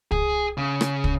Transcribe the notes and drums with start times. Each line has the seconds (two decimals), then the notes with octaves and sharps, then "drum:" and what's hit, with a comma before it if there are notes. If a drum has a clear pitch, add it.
0.11 G#4, drum: kick
0.57 C#3
0.81 drum: rim click
1.04 drum: kick